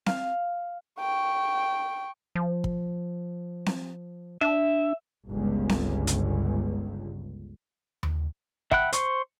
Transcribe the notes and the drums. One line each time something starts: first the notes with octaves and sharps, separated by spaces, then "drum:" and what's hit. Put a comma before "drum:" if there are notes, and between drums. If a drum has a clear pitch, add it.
F5, drum: snare C4
G5 C#6
F3
drum: kick
drum: snare C4
D4 E5
G1 C#2
drum: snare C4
drum: hi-hat
drum: tom D#2
E5 F#5 G5 B5 F#6, drum: kick
C5 C#6, drum: hi-hat